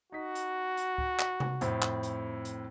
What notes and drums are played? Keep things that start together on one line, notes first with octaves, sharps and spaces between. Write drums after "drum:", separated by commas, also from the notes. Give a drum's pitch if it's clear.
D#4 F#4 B6
drum: hi-hat
drum: hi-hat
drum: kick C#2
drum: clap
drum: tom C3
F2 A2 C4, drum: hi-hat
drum: clap
drum: hi-hat
drum: hi-hat